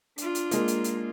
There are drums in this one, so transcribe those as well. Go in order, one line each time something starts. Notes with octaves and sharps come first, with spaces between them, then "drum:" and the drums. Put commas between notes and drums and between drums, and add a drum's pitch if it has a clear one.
D4 F4, drum: hi-hat
drum: hi-hat
G#3 A#3, drum: hi-hat
drum: hi-hat
drum: hi-hat